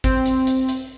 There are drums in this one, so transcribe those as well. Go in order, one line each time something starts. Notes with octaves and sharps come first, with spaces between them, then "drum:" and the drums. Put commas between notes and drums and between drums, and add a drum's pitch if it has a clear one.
C4, drum: kick G#1, hi-hat
drum: hi-hat
drum: hi-hat
drum: hi-hat